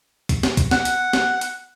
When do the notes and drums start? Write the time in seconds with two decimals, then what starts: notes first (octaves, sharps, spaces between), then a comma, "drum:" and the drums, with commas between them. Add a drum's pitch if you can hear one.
0.29 drum: kick, hi-hat
0.43 drum: snare
0.57 drum: kick, hi-hat
0.71 F#5, drum: snare
0.85 drum: hi-hat
1.13 drum: snare
1.41 drum: hi-hat